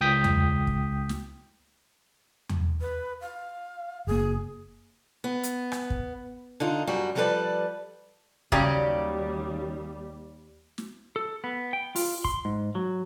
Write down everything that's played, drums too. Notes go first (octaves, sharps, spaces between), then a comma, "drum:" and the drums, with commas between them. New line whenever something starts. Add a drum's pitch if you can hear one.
C#2 G5 D#6 G6 B6
drum: tom E2
drum: kick
drum: snare
drum: tom E2
B4
F5
F#1 A#3 G#4
B3
drum: hi-hat
drum: rim click
drum: kick
D3 D#4 F4
F#2 G3 F#4
F3 G3 F#4 A4 B4 D5
D#2 C#3 F#3 G3 G4 D5, drum: kick
drum: snare
A4
B3
G5
F4, drum: open hi-hat
C6, drum: kick
G#2
F#3